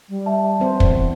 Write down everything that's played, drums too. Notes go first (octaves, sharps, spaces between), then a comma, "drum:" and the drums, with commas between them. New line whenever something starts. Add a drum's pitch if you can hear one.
G3
E5 A5
B3 C4 C5
E3, drum: kick